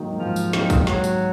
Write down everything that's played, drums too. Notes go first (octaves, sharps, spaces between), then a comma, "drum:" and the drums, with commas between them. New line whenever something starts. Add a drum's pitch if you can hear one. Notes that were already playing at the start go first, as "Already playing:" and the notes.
Already playing: G#2 D#3 F#3 A#3 D#4
G#2 F3
drum: tambourine
D#3 F#3 A#3 D#4, drum: snare
drum: kick, tambourine
G#2 F#3, drum: snare
drum: tambourine